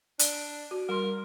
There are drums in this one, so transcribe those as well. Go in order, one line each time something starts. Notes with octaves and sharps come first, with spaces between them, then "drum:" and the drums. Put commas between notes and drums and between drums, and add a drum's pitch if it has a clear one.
D4, drum: hi-hat
F#4
G3 A#4 C6